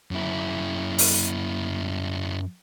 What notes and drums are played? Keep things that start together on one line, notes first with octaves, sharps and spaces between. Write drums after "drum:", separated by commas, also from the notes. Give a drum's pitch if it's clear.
F#2 E4
drum: open hi-hat